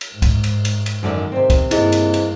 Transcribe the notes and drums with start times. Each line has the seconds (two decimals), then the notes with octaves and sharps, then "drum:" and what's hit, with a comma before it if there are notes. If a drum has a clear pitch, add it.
0.01 drum: cymbal
0.12 G#2
0.22 drum: kick, cymbal
0.44 drum: cymbal
0.65 drum: cymbal
0.86 drum: cymbal
1.03 F#2 D3 D#3 D5
1.32 C3 C4
1.50 drum: kick, cymbal
1.71 G2 A#3 E4 G#4 D#5, drum: cymbal
1.92 drum: cymbal
2.14 drum: cymbal